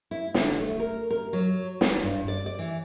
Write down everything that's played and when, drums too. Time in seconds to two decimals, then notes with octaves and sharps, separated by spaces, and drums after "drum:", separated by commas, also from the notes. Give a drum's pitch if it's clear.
0.11 E4
0.34 D3, drum: snare
0.60 A3
0.80 A#4
1.10 A#4
1.33 F#3
1.81 B4, drum: snare
2.02 G2
2.28 D5
2.46 D5
2.59 E3